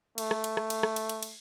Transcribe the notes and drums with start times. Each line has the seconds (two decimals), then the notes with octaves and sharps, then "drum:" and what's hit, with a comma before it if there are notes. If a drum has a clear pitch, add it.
0.18 A3, drum: cymbal
0.31 drum: rim click
0.44 drum: cymbal
0.57 drum: rim click
0.70 drum: cymbal
0.83 drum: rim click
0.96 drum: cymbal
1.09 drum: cymbal
1.23 drum: cymbal